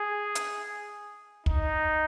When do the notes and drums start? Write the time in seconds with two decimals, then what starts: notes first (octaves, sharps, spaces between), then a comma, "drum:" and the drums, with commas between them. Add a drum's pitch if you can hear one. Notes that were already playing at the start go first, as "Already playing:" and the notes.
Already playing: G#4
0.35 drum: hi-hat
1.46 D#4, drum: kick